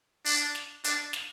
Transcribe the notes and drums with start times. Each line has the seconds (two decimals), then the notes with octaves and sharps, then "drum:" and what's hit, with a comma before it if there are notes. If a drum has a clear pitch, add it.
0.25 D4, drum: open hi-hat
0.55 drum: snare
0.84 D4, drum: hi-hat
1.13 drum: snare